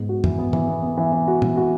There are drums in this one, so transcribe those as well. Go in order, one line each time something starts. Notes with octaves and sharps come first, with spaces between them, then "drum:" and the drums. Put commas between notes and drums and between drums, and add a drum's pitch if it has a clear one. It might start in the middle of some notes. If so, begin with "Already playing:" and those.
Already playing: G#2 B3
F#4
E3, drum: tom
B3
E3, drum: tom
B3
B3
E3
E3
F#4
E3, drum: tom
F#4